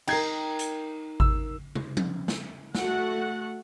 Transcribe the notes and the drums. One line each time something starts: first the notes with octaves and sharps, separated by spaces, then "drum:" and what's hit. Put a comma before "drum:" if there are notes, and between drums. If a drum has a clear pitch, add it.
D#4 A#4 G5 G#6 C7, drum: cymbal
drum: hi-hat
E6, drum: kick G#1
drum: tom
drum: tom F3
drum: snare
A3 F#4 F#5, drum: snare